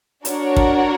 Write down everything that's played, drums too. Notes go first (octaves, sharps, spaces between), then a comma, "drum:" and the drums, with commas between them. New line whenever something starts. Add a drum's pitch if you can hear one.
D4 F#4 A#4 C#5 F#5, drum: hi-hat
drum: kick